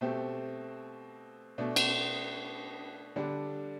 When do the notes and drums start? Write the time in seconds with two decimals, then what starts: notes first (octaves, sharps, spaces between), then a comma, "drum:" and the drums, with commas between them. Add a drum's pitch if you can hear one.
0.01 B2 A3 C4 G4
1.58 B2 A3 D4
1.76 drum: cymbal
3.16 D3 G3 D4